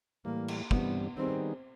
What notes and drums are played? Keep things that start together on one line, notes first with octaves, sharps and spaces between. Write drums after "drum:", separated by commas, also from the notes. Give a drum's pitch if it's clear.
A2 E3 G3 A#3
drum: cymbal
G2 E3 G3 B3 C4, drum: kick
D#3 G3 B3 C4 D#4 G#4